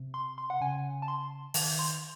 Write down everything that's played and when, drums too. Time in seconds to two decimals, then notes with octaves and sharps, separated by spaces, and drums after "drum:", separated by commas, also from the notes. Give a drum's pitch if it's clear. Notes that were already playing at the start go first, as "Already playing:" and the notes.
Already playing: C3
0.14 C6
0.38 C6
0.50 F#5
0.61 C#3 G#5
1.02 A5
1.08 C6
1.54 D#3 A5, drum: open hi-hat
1.79 C6